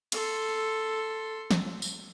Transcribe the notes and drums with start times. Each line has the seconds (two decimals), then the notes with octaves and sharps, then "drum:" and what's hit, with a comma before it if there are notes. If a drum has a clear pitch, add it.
0.12 A4 C6, drum: cymbal
1.51 drum: snare
1.82 drum: tambourine